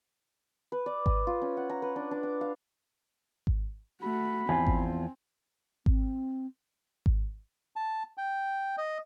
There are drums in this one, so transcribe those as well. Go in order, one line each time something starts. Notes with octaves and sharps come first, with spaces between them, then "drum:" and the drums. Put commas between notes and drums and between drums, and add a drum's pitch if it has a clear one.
B4
D5
D#6, drum: kick G#1
F4
C#4
F#5
A#5
B4
D4
D4
D6
F5
drum: kick G#1
A3 F#4 B5
E2 F3 C4 F4 G#5
drum: kick G#1
C4, drum: kick G#1
drum: kick G#1
A5
G5
D#5